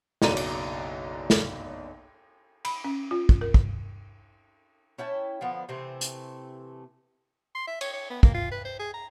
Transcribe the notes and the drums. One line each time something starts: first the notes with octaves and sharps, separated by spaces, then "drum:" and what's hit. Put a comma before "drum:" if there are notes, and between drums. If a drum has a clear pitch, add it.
F#1 B1 F#3 D5 A#5 D#7, drum: snare
drum: cymbal
drum: snare
B5, drum: cymbal
C#4
F4
drum: kick
A#4
drum: kick
C#4 E4 G5 A5
D3 F3 B3
C3 E3 A3 C4
drum: hi-hat
C6
E5
C#5, drum: cymbal
C#5
B3
A#3, drum: kick
F4
B4
C5
G#4
A#5